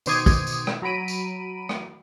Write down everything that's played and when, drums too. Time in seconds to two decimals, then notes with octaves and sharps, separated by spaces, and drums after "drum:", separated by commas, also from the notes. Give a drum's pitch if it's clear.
0.06 B2 D#3 C5 D6 D#6 G#6, drum: tambourine
0.26 drum: kick, tambourine
0.47 drum: tambourine
0.67 drum: rim click
0.82 F#3 A#5 B5 D7 D#7
1.08 drum: tambourine
1.69 drum: rim click